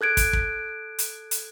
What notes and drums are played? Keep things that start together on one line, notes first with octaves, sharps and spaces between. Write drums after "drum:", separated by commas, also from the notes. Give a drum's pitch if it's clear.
A4 F#6 G#6 D7
drum: kick, hi-hat
drum: kick
drum: hi-hat
drum: hi-hat